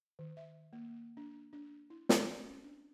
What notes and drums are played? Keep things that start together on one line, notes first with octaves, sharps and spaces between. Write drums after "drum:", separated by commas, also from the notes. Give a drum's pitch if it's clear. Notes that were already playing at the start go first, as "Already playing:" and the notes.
D#3
E5
A#3
D4
D4
E4
C4, drum: snare
C#4
D4